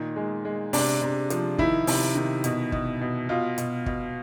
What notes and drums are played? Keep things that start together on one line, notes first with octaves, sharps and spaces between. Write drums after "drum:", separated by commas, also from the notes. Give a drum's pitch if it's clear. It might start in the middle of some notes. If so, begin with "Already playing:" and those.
Already playing: A#2 D#3
G#3
G#3
C3 D4, drum: open hi-hat
C3
F3, drum: hi-hat
D#3 E4, drum: kick
C3, drum: open hi-hat
D#3
B2, drum: hi-hat
B2, drum: kick
B2
B2 F4
B2, drum: hi-hat
B2, drum: kick